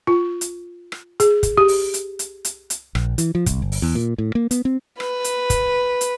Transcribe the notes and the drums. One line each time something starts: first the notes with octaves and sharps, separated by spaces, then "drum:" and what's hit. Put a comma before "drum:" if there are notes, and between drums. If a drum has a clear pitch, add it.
F4
drum: hi-hat
drum: rim click
G#4, drum: hi-hat
drum: kick, hi-hat
G4
drum: open hi-hat
drum: hi-hat
drum: hi-hat
drum: hi-hat
drum: hi-hat
A#1, drum: rim click
E3, drum: hi-hat
F3
C2, drum: kick, hi-hat
G1
drum: open hi-hat
E2
A#2
A2
A#3
B3, drum: hi-hat
C4
B4, drum: rim click
drum: hi-hat
drum: kick, hi-hat
drum: hi-hat